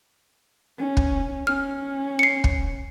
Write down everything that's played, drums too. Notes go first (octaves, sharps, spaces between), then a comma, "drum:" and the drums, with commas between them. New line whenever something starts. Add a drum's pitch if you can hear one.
C#4
drum: kick
C#4 F6
C7 C#7
drum: kick